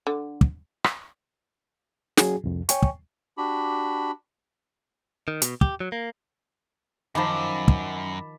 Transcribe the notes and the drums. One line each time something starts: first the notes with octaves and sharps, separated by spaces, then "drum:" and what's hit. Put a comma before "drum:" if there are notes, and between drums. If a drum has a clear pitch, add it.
D3
drum: kick
drum: rim click
F#3 C#4 F#4 G#4, drum: snare
C2 F2
C#5 G5 G#5 C#6, drum: hi-hat
drum: kick
D4 F#4 G4 B5
D#3
B2, drum: hi-hat
G4, drum: kick
F#3
A#3
F#2 D#3 F3 A5 B5 D6
drum: kick